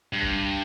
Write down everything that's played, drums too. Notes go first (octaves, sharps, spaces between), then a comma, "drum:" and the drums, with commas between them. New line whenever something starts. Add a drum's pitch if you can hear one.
G2
drum: kick